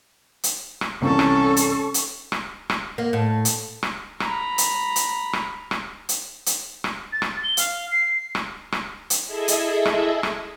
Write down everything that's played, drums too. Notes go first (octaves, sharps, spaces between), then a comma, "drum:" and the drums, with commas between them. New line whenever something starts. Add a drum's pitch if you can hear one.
drum: hi-hat
drum: rim click
C2 E3 C#4 A4 C#6
drum: rim click
drum: hi-hat
drum: hi-hat
drum: rim click
drum: rim click
A#3
A2
drum: hi-hat
drum: rim click
A#5 B5, drum: rim click
drum: hi-hat
drum: hi-hat
drum: rim click
drum: rim click
drum: hi-hat
drum: hi-hat
drum: rim click
A6
drum: rim click
G7
F5, drum: hi-hat
C7
drum: rim click
drum: rim click
drum: hi-hat
E4 G#4 A4 D#5 E5
drum: hi-hat
drum: rim click
drum: rim click